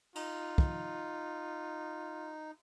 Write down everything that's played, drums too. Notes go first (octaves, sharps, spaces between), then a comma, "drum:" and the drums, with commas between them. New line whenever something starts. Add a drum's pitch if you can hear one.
D#4 F4, drum: cymbal
drum: kick